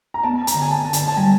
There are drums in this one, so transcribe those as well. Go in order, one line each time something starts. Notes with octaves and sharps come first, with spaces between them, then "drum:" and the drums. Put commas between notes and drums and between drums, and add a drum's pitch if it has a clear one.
A#5
B3 A5
A#5, drum: hi-hat
D3
G#5
A5
D3
A5, drum: hi-hat
A5
G3 G#5